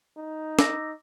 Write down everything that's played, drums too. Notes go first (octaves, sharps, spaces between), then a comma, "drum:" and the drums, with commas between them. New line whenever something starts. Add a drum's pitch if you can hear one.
D#4
D6 E6 A#6, drum: snare